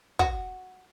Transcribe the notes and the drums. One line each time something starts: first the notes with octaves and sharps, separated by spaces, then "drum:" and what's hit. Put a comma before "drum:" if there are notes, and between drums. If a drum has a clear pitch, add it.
F#4, drum: kick